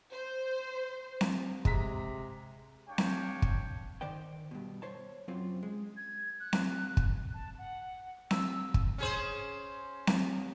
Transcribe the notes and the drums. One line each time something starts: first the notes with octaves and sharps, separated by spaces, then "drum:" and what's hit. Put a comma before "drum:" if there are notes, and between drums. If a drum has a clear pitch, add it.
C5
drum: snare C4
C3 G#3 A#5 B6, drum: kick
D4 C#5 F5 G5
drum: snare C4
drum: kick
D#3 C5 D5 G5
G2 B2
C5 C#5 A5
F#2 C3 F#3 C4 F4
G#3
G#6
F#6
drum: snare C4
drum: kick
A5
F#5
E6, drum: snare C4
drum: kick
C#4 G#4 C5
drum: snare C4